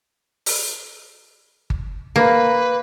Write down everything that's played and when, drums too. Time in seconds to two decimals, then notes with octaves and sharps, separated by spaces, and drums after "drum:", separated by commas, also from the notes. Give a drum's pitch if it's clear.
0.46 drum: open hi-hat
1.70 drum: kick G1
2.16 A#3 B4